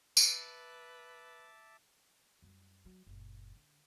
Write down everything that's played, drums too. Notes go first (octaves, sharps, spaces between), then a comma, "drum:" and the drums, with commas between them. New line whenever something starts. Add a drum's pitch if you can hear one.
B4 E5 A5 D6, drum: tambourine
F#2 G3
F#3
F#1 A#2
D3